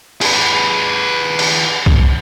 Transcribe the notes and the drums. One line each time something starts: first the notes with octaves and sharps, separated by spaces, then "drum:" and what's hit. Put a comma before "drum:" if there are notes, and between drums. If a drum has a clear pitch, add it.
G#4 B4, drum: cymbal
drum: cymbal
drum: kick